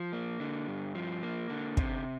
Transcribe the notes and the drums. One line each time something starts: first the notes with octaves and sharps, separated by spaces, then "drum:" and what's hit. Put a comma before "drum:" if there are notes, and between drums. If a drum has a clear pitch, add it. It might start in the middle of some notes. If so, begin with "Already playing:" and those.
Already playing: F3
A#3
D3
G2
F3
A#3
D3
C3, drum: kick